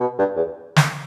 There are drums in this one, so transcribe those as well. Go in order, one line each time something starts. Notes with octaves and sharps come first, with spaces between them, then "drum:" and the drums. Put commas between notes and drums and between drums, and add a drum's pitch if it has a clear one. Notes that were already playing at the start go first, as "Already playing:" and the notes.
B2
G2
E2
drum: snare